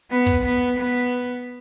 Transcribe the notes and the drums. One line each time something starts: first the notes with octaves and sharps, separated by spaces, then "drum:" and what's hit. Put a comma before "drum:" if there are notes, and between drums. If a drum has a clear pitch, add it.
B3
drum: kick
B3
B3